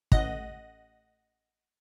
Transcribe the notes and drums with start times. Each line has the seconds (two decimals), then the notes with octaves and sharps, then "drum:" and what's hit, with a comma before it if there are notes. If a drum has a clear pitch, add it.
0.12 A1 D#5 F#5 A#6, drum: kick